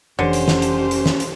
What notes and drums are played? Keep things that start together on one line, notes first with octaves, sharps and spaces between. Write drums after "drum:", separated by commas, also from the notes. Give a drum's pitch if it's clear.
F1 D3 E3 C#4 G4 C5
drum: hi-hat
drum: snare
drum: hi-hat
drum: hi-hat
drum: snare
drum: hi-hat